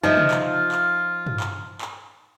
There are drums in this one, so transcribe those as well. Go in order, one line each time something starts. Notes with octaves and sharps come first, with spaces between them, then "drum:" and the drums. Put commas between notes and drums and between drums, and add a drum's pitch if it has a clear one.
F3 D#4 F4 C5 D#5 E5
drum: tom C3
drum: clap
drum: clap
drum: tom
drum: clap
drum: clap